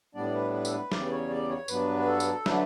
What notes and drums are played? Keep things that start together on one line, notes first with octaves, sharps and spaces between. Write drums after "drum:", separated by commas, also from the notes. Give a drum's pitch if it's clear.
A2 G3 B3 D4 D5
B4
B4
A4, drum: tambourine
B4
E2 C#3 G3 D5, drum: snare
B4
C#5
D5
C#5
G2 F#3 B3 D4 B4, drum: tambourine
B4
A4
drum: tambourine
D3 F#3 A3 D4 B4, drum: snare